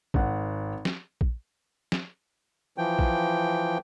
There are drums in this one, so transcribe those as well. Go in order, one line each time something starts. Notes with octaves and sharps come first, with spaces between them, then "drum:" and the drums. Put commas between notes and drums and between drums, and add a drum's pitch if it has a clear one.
G#1 F#5, drum: kick
drum: snare
drum: kick
drum: snare
E3 F3 G5
drum: kick